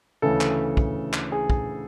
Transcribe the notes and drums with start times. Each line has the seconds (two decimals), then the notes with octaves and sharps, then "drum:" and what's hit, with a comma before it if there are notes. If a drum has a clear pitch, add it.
0.22 D2 C#3 E3 A4
0.41 drum: clap
0.77 drum: kick
1.13 drum: clap
1.32 G#4
1.50 drum: kick